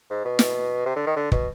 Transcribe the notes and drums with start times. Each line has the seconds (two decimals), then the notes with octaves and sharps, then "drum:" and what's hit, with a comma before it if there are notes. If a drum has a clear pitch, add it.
0.10 G#2
0.25 B2
0.39 drum: snare
0.86 C3
0.96 D3
1.07 D#3
1.16 D3
1.32 B2, drum: kick